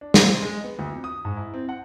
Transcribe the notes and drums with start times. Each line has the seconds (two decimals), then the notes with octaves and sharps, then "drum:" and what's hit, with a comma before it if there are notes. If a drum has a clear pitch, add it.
0.01 D4
0.14 C5, drum: snare
0.42 G#3
0.64 B3
0.79 D2
0.92 F2
1.04 D#6
1.25 G#2
1.37 E4
1.54 C4
1.69 F#5